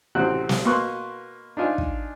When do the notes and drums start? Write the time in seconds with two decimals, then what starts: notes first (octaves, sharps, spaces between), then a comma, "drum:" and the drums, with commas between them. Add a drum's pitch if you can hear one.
0.15 A1 C3 C4 F#4 C5 F#6
0.49 drum: snare
0.65 B2 A#3 B4 C6 C#6 F#6
1.57 D4 D#4 F4 G#5
1.78 drum: kick